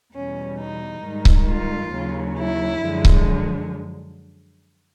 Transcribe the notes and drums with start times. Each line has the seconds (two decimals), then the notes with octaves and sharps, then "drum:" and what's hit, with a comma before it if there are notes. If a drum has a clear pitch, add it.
0.13 E2 B2 G3 C#4
0.58 D#4
1.02 G#2 D#3 G3
1.25 drum: kick C#1
1.48 F4
1.92 D#2 C#3 F#3
2.37 E4
2.82 F#2 D3 F3 G#3
3.05 drum: kick C#1